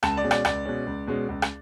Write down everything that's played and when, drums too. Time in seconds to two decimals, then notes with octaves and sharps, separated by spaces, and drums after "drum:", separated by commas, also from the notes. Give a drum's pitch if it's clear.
0.03 C#2 A5, drum: rim click
0.17 D5
0.24 B2 G#3 C#4
0.31 D5, drum: rim click
0.45 C#2 D5, drum: rim click
0.65 B2 G#3 C#4
0.87 C#2
1.07 B2 G#3 C#4
1.28 C#2
1.42 drum: rim click